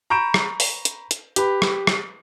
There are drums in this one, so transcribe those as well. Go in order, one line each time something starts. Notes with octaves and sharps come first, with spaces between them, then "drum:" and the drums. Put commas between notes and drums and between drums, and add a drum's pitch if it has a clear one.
A#5 B5 C#6 G6 D7 E7
drum: rim click
drum: open hi-hat
drum: hi-hat
drum: hi-hat
G4 B4 B5, drum: hi-hat
drum: rim click
drum: rim click